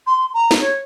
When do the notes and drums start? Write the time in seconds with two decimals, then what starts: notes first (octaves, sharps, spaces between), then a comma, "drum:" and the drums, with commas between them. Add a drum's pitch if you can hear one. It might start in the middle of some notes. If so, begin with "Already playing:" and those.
0.06 C6
0.33 A#5
0.51 drum: snare
0.60 C#5